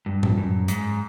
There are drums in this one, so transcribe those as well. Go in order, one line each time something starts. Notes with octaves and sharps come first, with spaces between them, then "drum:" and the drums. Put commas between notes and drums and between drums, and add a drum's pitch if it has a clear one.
G2
drum: tom A2
F#2
G#2, drum: hi-hat